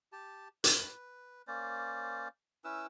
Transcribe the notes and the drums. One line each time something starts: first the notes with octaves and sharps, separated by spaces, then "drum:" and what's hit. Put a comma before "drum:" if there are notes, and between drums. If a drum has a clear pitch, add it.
G4 A5
B4, drum: hi-hat
A#3 C#4 C5 D5
C#4 E4 B4 E6